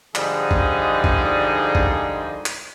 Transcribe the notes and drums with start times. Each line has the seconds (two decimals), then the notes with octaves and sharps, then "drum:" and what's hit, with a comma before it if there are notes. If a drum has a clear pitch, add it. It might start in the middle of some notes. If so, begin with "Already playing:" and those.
0.15 G#2 D3 F3 G3 D#4 G#4, drum: clap
0.51 drum: kick A1
1.04 drum: kick A1
1.75 drum: kick A1
2.46 drum: clap